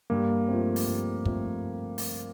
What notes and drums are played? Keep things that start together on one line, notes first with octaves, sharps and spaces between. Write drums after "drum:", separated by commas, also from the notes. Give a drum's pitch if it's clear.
G2 A#3
F3 A3 C4
drum: open hi-hat
G2
F3 A3 C4, drum: kick
drum: open hi-hat